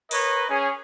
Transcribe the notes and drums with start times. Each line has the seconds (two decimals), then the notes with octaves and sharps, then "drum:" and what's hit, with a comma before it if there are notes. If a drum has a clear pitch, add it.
0.11 A#4 B4 C#5 D#5, drum: open hi-hat
0.49 C#4 G#4